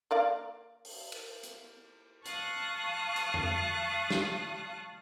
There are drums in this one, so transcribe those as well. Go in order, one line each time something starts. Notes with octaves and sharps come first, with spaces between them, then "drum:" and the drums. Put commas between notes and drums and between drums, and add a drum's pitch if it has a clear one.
A#3 D5 F5
drum: open hi-hat
drum: cymbal
drum: hi-hat
F5 A5 C#6 D#6 F#6, drum: hi-hat
drum: hi-hat
drum: tom F2
drum: snare